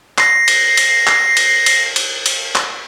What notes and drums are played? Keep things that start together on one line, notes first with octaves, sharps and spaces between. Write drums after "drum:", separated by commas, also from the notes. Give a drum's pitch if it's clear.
A#6 C7, drum: clap
drum: cymbal
drum: cymbal
drum: clap
drum: cymbal
drum: cymbal
drum: cymbal
drum: cymbal
drum: clap